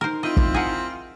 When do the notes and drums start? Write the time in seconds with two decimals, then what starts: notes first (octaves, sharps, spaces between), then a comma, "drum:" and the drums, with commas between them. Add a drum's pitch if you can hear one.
0.01 D#4 A#4 C5
0.23 C4 E4 F4 D#5
0.37 drum: kick
0.54 G#4 A#4 F#5